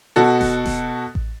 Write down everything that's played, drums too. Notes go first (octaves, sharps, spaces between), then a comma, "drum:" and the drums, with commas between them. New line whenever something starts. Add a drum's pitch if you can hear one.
B2 F#4 A4
drum: snare D#1
drum: snare D#1
drum: kick A1